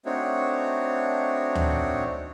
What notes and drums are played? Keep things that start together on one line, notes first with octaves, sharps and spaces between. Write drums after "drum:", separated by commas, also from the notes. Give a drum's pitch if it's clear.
A3 C4 D4 D#4 F#4 C#5
drum: tom D2